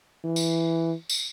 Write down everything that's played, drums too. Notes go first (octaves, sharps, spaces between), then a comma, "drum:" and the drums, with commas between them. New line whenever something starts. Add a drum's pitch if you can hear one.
E3
drum: tambourine
drum: tambourine